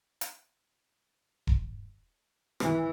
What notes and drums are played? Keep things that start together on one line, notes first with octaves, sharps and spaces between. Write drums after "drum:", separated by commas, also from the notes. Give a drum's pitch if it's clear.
drum: hi-hat
drum: kick E1
E3, drum: rim click